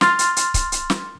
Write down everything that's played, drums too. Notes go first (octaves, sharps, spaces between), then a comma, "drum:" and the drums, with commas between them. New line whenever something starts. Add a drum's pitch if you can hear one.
C6 F6 A6, drum: snare
drum: hi-hat
drum: hi-hat
drum: kick C#1, hi-hat
drum: hi-hat
drum: snare